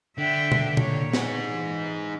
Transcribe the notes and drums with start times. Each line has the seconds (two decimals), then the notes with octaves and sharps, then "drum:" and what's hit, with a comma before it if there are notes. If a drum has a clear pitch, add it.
0.18 D3 E5 G5
0.52 drum: tom B2
0.77 A#2 C#5, drum: tom B2
1.13 D#4 G#4, drum: snare
1.48 E3